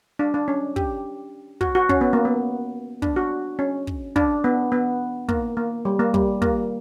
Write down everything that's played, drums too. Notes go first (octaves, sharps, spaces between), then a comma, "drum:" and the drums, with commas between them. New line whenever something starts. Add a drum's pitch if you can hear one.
D4
D4
C#4
G4, drum: kick
F#4, drum: kick
F#4
C#4, drum: kick
B3
A#3
B3
D4, drum: kick
F#4
C#4
drum: kick
D4, drum: kick
B3
B3
A#3, drum: kick
A#3
G3
A#3
G3, drum: kick
A#3, drum: kick